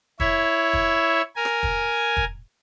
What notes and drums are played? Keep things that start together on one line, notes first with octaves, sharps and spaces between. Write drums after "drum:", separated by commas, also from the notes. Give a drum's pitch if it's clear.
E4 C#5 E5, drum: kick
drum: kick
A#4 G#5
drum: rim click
drum: kick
drum: kick